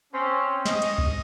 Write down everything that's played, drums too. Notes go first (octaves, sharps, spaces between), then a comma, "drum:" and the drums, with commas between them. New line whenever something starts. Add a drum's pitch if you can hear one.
C4 C#4
D#5, drum: snare
drum: cymbal
drum: kick C2